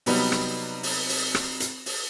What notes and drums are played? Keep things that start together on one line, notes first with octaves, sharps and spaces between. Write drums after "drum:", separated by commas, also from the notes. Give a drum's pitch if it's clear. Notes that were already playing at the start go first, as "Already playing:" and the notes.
C3 F#3 G3 B3 D#4, drum: open hi-hat
drum: rim click
drum: open hi-hat
drum: open hi-hat
drum: rim click
drum: hi-hat
drum: open hi-hat